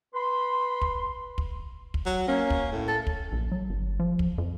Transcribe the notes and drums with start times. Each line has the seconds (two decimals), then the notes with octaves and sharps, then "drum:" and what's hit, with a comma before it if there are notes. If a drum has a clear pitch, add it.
0.15 B4 B5 C6
0.82 drum: kick
1.38 drum: kick
1.94 drum: kick
2.06 F#3
2.28 A#3 C#4
2.50 drum: kick
2.72 A2
2.88 A4
3.07 drum: kick
3.32 A#1
3.51 F#3
3.70 G1
3.99 F3
4.19 drum: kick
4.38 F2